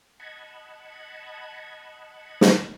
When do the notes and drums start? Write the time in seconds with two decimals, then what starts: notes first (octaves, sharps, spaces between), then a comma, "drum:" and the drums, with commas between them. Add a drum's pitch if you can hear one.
0.20 D#5 F#5 A5 B5 G#6
2.41 drum: snare